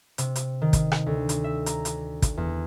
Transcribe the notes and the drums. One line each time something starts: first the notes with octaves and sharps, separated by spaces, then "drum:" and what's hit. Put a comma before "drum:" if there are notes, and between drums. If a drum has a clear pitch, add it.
C3, drum: hi-hat
drum: hi-hat
D#3
drum: kick, hi-hat
drum: rim click
D2
drum: hi-hat
E5
A#5, drum: hi-hat
drum: hi-hat
drum: kick, hi-hat
E2